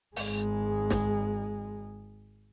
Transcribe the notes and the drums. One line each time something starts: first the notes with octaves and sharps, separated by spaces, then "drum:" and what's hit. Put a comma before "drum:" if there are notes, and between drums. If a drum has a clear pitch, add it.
G#1 G#3, drum: open hi-hat
drum: snare